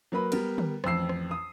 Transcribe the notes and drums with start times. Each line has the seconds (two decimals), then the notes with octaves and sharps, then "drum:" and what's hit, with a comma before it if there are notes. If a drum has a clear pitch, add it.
0.12 F#3 A#3 B4 B5
0.32 G3 B3 A#4, drum: cymbal
0.58 drum: tom
0.84 A1 F2 E6 C7, drum: rim click
1.09 drum: rim click
1.31 D#6